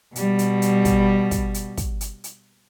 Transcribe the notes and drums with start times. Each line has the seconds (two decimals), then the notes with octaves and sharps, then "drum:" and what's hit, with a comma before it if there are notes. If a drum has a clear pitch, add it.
0.16 B2 G3, drum: hi-hat
0.39 drum: hi-hat
0.62 drum: hi-hat
0.85 drum: kick, hi-hat
1.31 drum: kick, hi-hat
1.54 drum: hi-hat
1.77 drum: kick, hi-hat
2.01 drum: hi-hat
2.24 drum: hi-hat